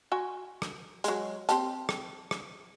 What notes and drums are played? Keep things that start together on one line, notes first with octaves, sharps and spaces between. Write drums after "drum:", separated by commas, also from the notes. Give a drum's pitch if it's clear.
F#4 G#5
drum: rim click
F#3 G#3, drum: hi-hat
C4 G4 A5, drum: hi-hat
drum: rim click
drum: rim click